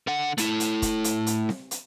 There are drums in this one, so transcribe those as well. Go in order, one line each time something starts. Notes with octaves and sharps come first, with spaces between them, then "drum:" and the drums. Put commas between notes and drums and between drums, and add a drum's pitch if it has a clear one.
D3 F#5
A3 E4, drum: hi-hat
drum: hi-hat
drum: kick, hi-hat
drum: hi-hat
drum: hi-hat
drum: snare C4
drum: hi-hat